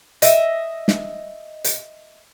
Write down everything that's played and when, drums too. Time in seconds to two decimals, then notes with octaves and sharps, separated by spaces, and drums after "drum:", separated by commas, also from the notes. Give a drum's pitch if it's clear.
0.22 D#5 E5, drum: hi-hat
0.88 drum: snare
1.64 drum: hi-hat